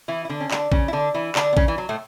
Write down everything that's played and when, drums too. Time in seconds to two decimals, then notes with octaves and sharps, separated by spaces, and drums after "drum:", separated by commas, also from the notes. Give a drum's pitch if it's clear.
0.08 E3 E4
0.25 E4
0.30 D3 D4
0.40 C#4
0.51 D3 D4, drum: clap
0.72 C#3 C#4, drum: kick A1
0.88 E4
0.93 D3 D4
1.14 E3 E4
1.35 D3 D4, drum: clap
1.53 B3
1.57 C#3 C#4, drum: kick A1
1.68 E3
1.78 F#3
1.89 A2 A3